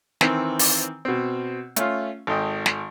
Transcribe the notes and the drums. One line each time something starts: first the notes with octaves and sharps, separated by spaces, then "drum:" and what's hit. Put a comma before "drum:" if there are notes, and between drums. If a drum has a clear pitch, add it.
D#3 E3 C4, drum: snare
drum: open hi-hat
B2 C4
A3 C#4 F4, drum: hi-hat
G#1 A4 D#5 G5
drum: snare